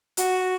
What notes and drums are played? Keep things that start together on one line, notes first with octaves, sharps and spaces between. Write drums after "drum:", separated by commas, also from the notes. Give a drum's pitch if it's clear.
F#4, drum: hi-hat